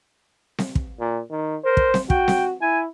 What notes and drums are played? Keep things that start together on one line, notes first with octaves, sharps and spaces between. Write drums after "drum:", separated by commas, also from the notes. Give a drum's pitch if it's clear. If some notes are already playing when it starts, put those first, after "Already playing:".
drum: snare C4
drum: kick
A#2
D#3
A#4 C5
drum: kick
drum: snare C4
F#4 G5, drum: kick
drum: snare C4
E4 G#5